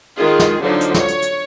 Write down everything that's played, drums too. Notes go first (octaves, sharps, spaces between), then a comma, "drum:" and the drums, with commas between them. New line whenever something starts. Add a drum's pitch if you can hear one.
D#3 G#3 F4 G#4
drum: snare
D3 F3 F#3 D#4
drum: hi-hat
C#5, drum: snare
drum: hi-hat
drum: hi-hat